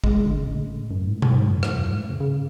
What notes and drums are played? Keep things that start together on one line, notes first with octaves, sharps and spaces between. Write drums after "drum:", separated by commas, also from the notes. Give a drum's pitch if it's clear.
G#3, drum: kick
G#3
D3
C#3
A2
F#2
G#2
A2
drum: tom B2
G#2
F#2
E2, drum: rim click
F#2
G#2
A2
C#3
C#3